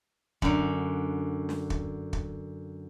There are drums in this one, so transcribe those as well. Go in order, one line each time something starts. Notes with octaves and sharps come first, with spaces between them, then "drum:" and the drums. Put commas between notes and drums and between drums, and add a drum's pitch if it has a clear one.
F#2 D3, drum: kick
drum: snare
drum: kick
drum: kick